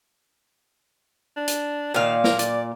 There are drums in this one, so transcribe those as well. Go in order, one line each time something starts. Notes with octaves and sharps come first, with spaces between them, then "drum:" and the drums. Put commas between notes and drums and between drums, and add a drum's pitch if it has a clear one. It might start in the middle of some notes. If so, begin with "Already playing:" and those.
D4
drum: hi-hat
A#2 D#3 F5
A#4, drum: snare
D5, drum: hi-hat